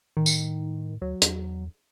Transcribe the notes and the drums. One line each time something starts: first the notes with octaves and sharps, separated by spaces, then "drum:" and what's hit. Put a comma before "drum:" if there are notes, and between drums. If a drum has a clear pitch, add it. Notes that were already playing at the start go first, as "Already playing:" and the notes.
A2 D#3
drum: tambourine
D2 F#3
E2, drum: hi-hat